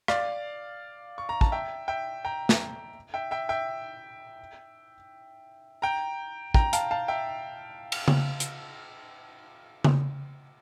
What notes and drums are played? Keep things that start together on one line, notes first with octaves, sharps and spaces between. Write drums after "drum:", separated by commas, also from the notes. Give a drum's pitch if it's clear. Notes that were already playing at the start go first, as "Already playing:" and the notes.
D5 F5, drum: rim click
C#6
A#5
A5, drum: kick
E5 G5
E5 G5
G5 A#5
drum: snare
E5 G5
E5 G5
E5 G5
G5 A#5
G5 A#5, drum: kick
F5 A5, drum: hi-hat
F5 A5
E5 G5
drum: cymbal
drum: tom C#3
drum: hi-hat
drum: tom C#3